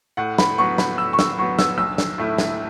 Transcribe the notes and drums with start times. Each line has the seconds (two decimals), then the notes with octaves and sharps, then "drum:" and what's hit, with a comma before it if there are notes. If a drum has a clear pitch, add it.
0.17 A2 F#5
0.38 B5, drum: snare
0.58 F#3 B3 C#6
0.78 B5, drum: snare
0.98 A2 E6
1.13 C#6
1.19 E6, drum: snare
1.38 F#3 B3 C#6
1.59 E6, drum: snare
1.78 B1 E6
1.98 drum: snare
2.18 A2 A3 E4
2.38 drum: snare